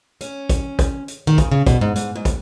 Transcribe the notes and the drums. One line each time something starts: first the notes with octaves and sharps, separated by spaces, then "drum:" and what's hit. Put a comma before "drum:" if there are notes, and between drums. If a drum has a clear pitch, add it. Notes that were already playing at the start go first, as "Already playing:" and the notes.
C#4, drum: hi-hat
drum: kick, hi-hat
drum: kick, hi-hat
drum: hi-hat
D#3
C#3, drum: kick, hi-hat
C#3
B2, drum: kick, hi-hat
G#2
G#2, drum: hi-hat
G#2
drum: kick, hi-hat